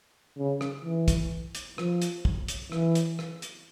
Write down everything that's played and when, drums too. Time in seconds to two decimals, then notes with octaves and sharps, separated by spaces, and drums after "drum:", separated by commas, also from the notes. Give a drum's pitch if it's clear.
0.38 C#3
0.61 drum: rim click
0.85 E3
1.08 drum: kick, hi-hat
1.55 drum: hi-hat
1.78 F3, drum: rim click
2.02 drum: hi-hat
2.25 drum: kick
2.48 drum: hi-hat
2.72 E3, drum: rim click
2.95 drum: hi-hat
3.19 drum: rim click
3.42 drum: hi-hat